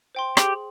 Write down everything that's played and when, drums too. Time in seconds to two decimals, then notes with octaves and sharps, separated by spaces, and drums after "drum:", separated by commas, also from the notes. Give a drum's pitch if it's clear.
0.15 C5 G5 C6
0.37 G4 G#4, drum: rim click